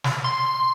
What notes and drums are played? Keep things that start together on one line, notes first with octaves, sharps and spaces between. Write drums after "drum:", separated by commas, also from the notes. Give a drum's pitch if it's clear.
drum: snare
C6